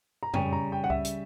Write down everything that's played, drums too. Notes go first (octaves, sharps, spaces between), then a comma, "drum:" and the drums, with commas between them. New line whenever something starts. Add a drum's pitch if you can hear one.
A#5
C#3 G3 C#4 G5, drum: tom F2
A#5
G5
F#5
E5, drum: kick C#2
drum: hi-hat